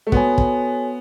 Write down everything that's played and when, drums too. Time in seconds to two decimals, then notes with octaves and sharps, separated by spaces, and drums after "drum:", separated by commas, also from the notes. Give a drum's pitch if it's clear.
0.07 A3
0.12 B3 F#4 A4 C#5 G#5, drum: kick
0.38 drum: kick